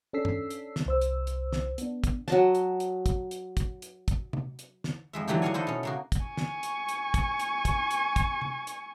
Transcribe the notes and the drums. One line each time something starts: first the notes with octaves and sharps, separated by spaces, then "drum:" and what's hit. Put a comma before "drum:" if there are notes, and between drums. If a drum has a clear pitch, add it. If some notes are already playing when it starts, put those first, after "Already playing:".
C#4 D4 A4 E6 B6 C7
drum: tom G2
drum: hi-hat
drum: snare
C2 C5 E6
drum: hi-hat
drum: hi-hat
drum: snare
B3 D4, drum: hi-hat
drum: kick, hi-hat
F#3 D#5 A5, drum: snare
drum: hi-hat
drum: hi-hat
drum: kick, hi-hat
drum: hi-hat
drum: kick, hi-hat
drum: hi-hat
drum: kick, hi-hat
drum: tom
drum: hi-hat
drum: snare
F2 G#3 E5
D3 E3 F#3 A3 G4
E2 D4 A#4 F5 F#5 G#5
E4 A4 C5 D#5 F#5
B2 C#4
C#3 A#3 F#4
drum: kick, hi-hat
G#5 C#6
drum: snare
drum: hi-hat
drum: hi-hat
drum: kick, hi-hat
drum: hi-hat
drum: kick, hi-hat
drum: hi-hat
drum: kick, hi-hat
drum: tom
drum: hi-hat